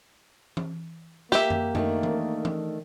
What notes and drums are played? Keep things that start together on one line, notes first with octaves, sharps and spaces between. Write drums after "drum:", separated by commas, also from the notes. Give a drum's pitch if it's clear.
drum: tom E3
A#3 G4 E5, drum: snare
drum: tom F#2
D#3 A3 D4, drum: tom F#2
drum: tom E3
drum: tom E3